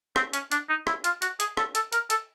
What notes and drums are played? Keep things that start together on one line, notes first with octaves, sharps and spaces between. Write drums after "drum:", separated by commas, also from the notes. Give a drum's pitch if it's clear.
C4, drum: rim click
C#4, drum: hi-hat
D4, drum: hi-hat
D#4
E4, drum: rim click
F4, drum: hi-hat
F#4, drum: hi-hat
G#4, drum: hi-hat
A4, drum: rim click
A4, drum: hi-hat
A#4, drum: hi-hat
A4, drum: hi-hat